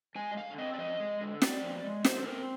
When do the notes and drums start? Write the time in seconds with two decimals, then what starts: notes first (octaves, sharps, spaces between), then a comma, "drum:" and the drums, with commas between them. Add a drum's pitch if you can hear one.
0.15 G#3 G#5
0.31 D#5
0.37 D3 F5
0.58 C4 D#5
0.74 D5
0.78 F3 D#5
1.00 G#3
1.21 D3
1.42 C4 D5, drum: snare
1.62 F3
1.84 G#3
2.04 D3 C5, drum: snare
2.20 C5
2.25 C4 A#4